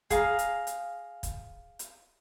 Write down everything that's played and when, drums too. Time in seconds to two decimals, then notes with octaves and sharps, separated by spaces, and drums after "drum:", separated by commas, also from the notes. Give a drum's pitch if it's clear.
0.10 G#4 F5 A#5, drum: kick, hi-hat
0.39 drum: hi-hat
0.67 drum: hi-hat
1.23 drum: kick, hi-hat
1.79 drum: hi-hat